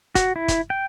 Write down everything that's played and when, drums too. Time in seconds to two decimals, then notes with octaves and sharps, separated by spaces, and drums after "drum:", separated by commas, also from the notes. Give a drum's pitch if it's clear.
0.15 F#4, drum: kick, hi-hat
0.36 E4
0.48 drum: kick, hi-hat
0.70 G5